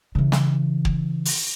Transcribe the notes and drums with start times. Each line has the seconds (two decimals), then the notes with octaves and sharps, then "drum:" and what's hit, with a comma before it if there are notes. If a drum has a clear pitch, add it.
0.15 C#3 E3
0.32 drum: snare
0.85 drum: kick
1.25 drum: open hi-hat